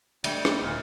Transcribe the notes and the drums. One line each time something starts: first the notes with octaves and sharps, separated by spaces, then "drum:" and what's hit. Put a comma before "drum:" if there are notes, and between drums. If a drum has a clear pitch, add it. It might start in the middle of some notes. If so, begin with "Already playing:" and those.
D3 G3 A3, drum: cymbal
drum: rim click
D#1 A#2